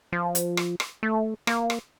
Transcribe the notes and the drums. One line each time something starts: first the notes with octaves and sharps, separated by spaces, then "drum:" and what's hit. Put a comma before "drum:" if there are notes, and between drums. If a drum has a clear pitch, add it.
F3
drum: hi-hat
drum: rim click
drum: rim click
A3
A#3, drum: rim click
drum: rim click